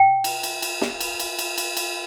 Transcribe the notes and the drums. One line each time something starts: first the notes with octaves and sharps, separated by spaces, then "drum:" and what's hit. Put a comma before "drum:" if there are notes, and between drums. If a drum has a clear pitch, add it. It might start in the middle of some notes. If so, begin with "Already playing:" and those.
Already playing: G5
drum: cymbal
drum: cymbal
drum: cymbal
drum: snare
drum: cymbal
drum: cymbal
drum: cymbal
drum: cymbal
drum: cymbal